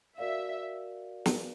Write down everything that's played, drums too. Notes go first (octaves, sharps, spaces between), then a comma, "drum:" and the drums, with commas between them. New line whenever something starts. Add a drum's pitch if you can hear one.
F#4 A#4 D5 E5 F5
drum: snare